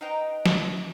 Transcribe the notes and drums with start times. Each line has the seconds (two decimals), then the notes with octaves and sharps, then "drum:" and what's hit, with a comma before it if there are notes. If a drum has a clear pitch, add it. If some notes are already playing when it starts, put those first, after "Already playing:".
0.01 D#4 B4 C5 D#5 G5 A#5
0.46 drum: snare